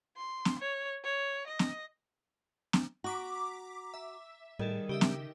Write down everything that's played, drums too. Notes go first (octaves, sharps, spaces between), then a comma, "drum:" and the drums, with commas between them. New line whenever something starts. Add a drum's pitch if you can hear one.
C6
drum: snare
C#5
C#5
D#5
drum: snare
drum: snare
F#4 A#5 D6 B6
E5
A2 D#3 G3 G#4 A4
C#3 G4 D#5 E5
drum: snare